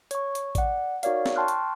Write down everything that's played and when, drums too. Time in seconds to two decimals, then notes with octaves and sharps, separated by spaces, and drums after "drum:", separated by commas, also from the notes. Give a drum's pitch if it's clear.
0.11 C#5 C#6, drum: hi-hat
0.35 drum: hi-hat
0.55 D5 F#5, drum: kick A1, hi-hat
1.03 D#4 F#4 A#4 C#5 D5 F5, drum: hi-hat
1.26 drum: snare
1.36 G5 A5 C6 C#6 F6 F#6
1.48 drum: hi-hat